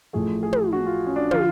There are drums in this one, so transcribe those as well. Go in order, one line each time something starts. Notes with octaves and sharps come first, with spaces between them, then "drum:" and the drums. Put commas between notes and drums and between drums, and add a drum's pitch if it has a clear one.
A1 A2 F3 A3 G#4
G#4
drum: tom
F#4
F4
C#4
D4
D3 F3 F4, drum: tom